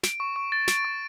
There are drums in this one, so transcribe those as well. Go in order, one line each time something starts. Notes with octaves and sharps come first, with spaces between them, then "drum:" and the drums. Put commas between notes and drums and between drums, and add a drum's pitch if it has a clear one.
D7, drum: snare
C#6
C#6
A6
D7, drum: snare
C#6